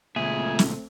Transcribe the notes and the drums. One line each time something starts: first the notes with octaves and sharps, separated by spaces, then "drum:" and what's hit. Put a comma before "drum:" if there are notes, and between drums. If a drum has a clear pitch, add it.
C#2 A#2 A3 C4 F4 G#4 E5
drum: snare